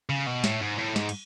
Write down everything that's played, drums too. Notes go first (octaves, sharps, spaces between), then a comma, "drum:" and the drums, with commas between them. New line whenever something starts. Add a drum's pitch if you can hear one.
C#3
B2
A2, drum: snare
G#2
A2
G#2, drum: snare
drum: cymbal